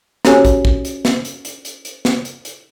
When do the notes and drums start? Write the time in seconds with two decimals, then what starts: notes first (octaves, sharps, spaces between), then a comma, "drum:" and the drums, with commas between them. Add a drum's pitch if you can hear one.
0.25 C#4 F#4 G4 A4 C#5 G#5, drum: snare
0.45 drum: kick, hi-hat
0.65 drum: kick
0.85 drum: hi-hat
1.05 drum: snare
1.25 drum: hi-hat
1.45 drum: hi-hat
1.65 drum: hi-hat
1.85 drum: hi-hat
2.05 drum: snare
2.25 drum: hi-hat
2.45 drum: hi-hat